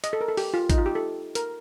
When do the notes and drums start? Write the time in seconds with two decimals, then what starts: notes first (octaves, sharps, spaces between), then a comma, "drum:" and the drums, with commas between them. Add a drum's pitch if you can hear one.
0.04 D#5, drum: hi-hat
0.13 A4
0.21 A#4
0.28 A4
0.37 G4, drum: open hi-hat
0.54 F4
0.70 D#4, drum: kick A1, hi-hat
0.78 F4
0.86 G4
0.95 A4
1.35 A#4, drum: hi-hat